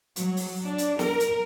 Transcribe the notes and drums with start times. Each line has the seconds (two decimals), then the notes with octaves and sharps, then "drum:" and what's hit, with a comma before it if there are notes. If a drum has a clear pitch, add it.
0.16 F#3, drum: hi-hat
0.37 drum: open hi-hat
0.62 D4
0.78 drum: hi-hat
0.99 A#4, drum: snare
1.20 drum: hi-hat